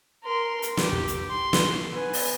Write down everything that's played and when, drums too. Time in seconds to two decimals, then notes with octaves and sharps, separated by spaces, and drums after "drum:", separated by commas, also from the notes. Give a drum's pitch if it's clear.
0.24 A#4 C6
0.62 drum: hi-hat
0.77 G4, drum: snare
0.92 drum: kick
1.08 drum: hi-hat
1.30 C6
1.53 drum: snare
1.91 B3 G#5
2.13 drum: open hi-hat